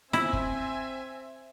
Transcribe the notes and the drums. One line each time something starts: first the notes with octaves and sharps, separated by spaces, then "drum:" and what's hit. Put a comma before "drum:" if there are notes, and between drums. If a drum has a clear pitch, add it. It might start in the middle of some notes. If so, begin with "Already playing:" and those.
C4 E4 E5 G#5, drum: snare
drum: kick